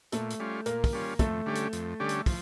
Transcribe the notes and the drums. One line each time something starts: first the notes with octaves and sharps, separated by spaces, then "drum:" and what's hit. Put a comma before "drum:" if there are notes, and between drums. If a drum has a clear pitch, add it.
A#2 A3 A4, drum: hi-hat
drum: hi-hat
G3 C#4 F4
A#2 A#3 A#4, drum: hi-hat
drum: kick, open hi-hat
G3 C#4 F4
F2 A3 A4, drum: kick, hi-hat
D3 G3 C#4 G4
drum: hi-hat
F2, drum: hi-hat
D3 G3 C#4 G4
drum: hi-hat
F3, drum: kick, open hi-hat